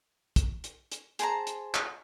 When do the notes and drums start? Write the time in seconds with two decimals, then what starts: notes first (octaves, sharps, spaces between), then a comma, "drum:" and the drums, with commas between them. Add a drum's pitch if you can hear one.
0.36 drum: kick, hi-hat
0.64 drum: hi-hat
0.92 drum: hi-hat
1.19 G#4 C5 A5 A#5, drum: hi-hat
1.47 drum: hi-hat
1.74 drum: clap